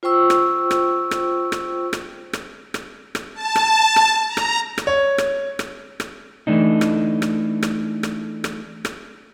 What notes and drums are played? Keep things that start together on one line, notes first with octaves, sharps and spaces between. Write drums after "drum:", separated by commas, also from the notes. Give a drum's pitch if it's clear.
F4 C5 G5 C#6 E6
drum: rim click
drum: rim click
drum: rim click
drum: rim click
drum: rim click
drum: rim click
drum: rim click
drum: rim click
A5
drum: rim click
drum: rim click
A#5
drum: rim click
drum: rim click
C#5
drum: rim click
drum: rim click
drum: rim click
E3 A3 D4 D#4
drum: rim click
drum: rim click
drum: rim click
drum: rim click
drum: rim click
drum: rim click